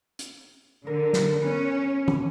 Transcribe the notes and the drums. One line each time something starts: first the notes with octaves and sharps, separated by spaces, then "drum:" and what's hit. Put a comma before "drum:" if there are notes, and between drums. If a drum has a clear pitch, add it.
drum: hi-hat
D3 A#4
drum: snare
B3 C#4
drum: tom E3